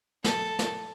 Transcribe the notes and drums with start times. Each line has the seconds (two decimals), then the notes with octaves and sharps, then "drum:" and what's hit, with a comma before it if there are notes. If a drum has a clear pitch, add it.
0.24 A4, drum: snare
0.59 drum: snare